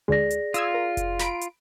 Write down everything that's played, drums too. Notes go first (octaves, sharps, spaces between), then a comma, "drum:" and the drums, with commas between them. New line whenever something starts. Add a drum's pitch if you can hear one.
D2 G#3 G#4 D5 A#6
drum: hi-hat
F4 D#6 E6 G#6, drum: hi-hat
A#4
drum: kick F1, hi-hat
A#5 B5 D7, drum: snare
drum: hi-hat